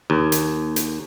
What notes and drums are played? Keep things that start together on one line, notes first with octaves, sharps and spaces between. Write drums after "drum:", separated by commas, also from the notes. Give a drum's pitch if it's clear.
D#2
drum: hi-hat
drum: hi-hat